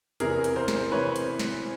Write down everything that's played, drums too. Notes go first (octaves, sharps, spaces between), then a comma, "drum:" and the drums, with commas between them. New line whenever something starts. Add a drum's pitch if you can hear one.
E2 C3 E3 G#4 A#4, drum: hi-hat
drum: hi-hat
A#4 C5
drum: snare
C3 E3 B4 C#5
drum: hi-hat
drum: snare